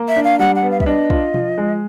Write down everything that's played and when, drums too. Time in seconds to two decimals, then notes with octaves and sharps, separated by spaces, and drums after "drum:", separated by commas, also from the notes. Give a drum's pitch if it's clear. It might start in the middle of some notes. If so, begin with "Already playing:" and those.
Already playing: A#3
0.08 E5
0.16 D4
0.24 F5
0.39 G3 F#5
0.55 F#5
0.63 B3
0.71 F5
0.80 E5, drum: kick
0.86 D4 D#5
1.10 F4, drum: kick
1.34 F3, drum: tom B2
1.58 G#3